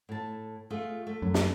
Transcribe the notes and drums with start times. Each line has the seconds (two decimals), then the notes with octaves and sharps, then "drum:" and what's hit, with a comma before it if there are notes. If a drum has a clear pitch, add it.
0.09 A2 A5
0.70 A3 F4 G#4
1.07 A3
1.22 F#2
1.34 drum: snare